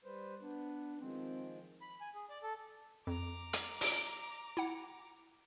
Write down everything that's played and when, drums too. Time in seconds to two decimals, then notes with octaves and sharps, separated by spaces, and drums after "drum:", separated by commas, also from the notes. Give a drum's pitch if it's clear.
0.04 G3 B4 C5
0.42 B3 D4
1.01 D#3 F3 G#3 C4
1.81 B5
2.01 G#5
2.14 G#4
2.29 D5
2.43 A4
3.07 F2 A#5 D6
3.53 drum: hi-hat
3.81 drum: open hi-hat
4.57 E4 F#5